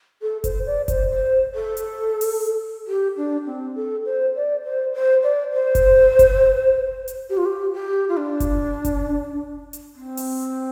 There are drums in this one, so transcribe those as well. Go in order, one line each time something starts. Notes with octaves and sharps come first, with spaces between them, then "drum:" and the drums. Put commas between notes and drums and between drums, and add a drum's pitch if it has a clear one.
A4
C5, drum: kick F#1, hi-hat
D5
C5, drum: kick F#1, hi-hat
C5
A4
drum: hi-hat
drum: open hi-hat
G4
D4
C4
A4
C5
D5
C5
C5
D5
C5
drum: kick F#1, hi-hat
drum: kick F#1, hi-hat
drum: hi-hat
G4
F4
G4
G4
F4
D4
drum: kick F#1, hi-hat
drum: kick F#1, hi-hat
drum: hi-hat
C4
drum: open hi-hat